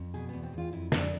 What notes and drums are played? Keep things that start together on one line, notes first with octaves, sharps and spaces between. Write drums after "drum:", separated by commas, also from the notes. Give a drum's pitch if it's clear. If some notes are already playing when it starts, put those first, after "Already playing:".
Already playing: F2
B2 G#4
E2 B3
C4
E2 F4
F2 E4
F2 D4, drum: snare